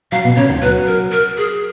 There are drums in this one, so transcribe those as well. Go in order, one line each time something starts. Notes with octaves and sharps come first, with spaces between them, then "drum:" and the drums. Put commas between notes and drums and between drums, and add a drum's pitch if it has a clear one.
F#3 F5
B2
C#3 C#5
D#3, drum: tom D2
F3
F#3 B4
A#4
A#4
G#4